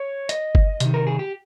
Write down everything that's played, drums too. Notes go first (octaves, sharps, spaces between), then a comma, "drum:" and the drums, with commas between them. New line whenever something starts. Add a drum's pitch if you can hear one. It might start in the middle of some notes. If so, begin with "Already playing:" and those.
Already playing: C#5
D#5, drum: hi-hat
drum: kick G1
C3 D#3, drum: hi-hat
A#4
G#4
G4